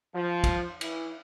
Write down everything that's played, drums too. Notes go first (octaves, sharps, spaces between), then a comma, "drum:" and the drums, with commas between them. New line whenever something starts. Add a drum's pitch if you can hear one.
F3
drum: kick, cymbal
E3, drum: cymbal